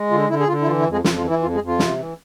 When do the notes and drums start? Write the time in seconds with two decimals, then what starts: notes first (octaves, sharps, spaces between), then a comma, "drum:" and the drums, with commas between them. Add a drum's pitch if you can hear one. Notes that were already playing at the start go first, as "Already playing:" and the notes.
Already playing: G#3
0.11 D3 F4
0.29 D3 E4
0.40 G#4
0.48 D3 F4
0.61 E4
0.66 E3 F4
0.80 E4
0.86 F2
0.92 G#3 G#4
1.04 F2 F4, drum: snare
1.17 F4
1.24 E3
1.30 E4
1.42 F2 F4
1.54 G#3 G#4
1.61 F2
1.67 F4
1.79 C3, drum: snare
1.99 E3